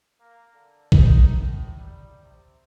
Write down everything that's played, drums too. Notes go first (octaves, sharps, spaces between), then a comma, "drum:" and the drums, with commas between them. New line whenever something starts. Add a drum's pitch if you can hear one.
A#3
D3
D#4, drum: kick
A2
G3
C3